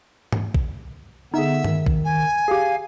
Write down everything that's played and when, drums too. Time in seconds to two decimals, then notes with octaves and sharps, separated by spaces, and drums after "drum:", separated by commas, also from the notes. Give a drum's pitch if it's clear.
0.32 drum: tom G#2
0.54 drum: kick
1.34 D3 B3 D#4 G#4 E5
1.64 D#3, drum: tom G2
1.86 drum: kick
2.05 G#5
2.48 G4 G#4 F5